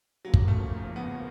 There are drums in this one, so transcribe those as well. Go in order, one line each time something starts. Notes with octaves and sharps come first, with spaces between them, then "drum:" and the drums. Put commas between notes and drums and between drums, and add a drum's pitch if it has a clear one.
C#3 F3 F#3 A#3
drum: kick
A3
B3